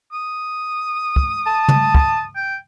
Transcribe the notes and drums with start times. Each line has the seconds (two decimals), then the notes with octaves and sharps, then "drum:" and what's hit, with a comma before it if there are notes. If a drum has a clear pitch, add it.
0.12 D#6
1.16 drum: kick
1.46 A5
1.68 drum: tom
1.95 drum: kick
2.35 G5